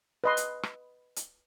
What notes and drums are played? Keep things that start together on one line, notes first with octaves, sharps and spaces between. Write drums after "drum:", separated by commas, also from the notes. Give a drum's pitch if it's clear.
B4 D#5 C6
drum: hi-hat
drum: rim click
drum: hi-hat